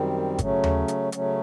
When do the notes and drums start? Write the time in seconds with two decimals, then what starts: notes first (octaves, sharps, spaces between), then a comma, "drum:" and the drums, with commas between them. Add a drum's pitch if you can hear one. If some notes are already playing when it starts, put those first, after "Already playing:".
Already playing: F#2 D#3 G3 C4
0.38 C#3 F#3 A3 C#4, drum: kick G#1, hi-hat
0.64 drum: tom D#2
0.88 drum: hi-hat
1.12 C#3 F#3 A3 C#4, drum: hi-hat